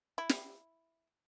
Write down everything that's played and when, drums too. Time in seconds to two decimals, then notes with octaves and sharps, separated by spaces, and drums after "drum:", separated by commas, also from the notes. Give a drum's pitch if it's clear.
0.18 E4
0.29 drum: snare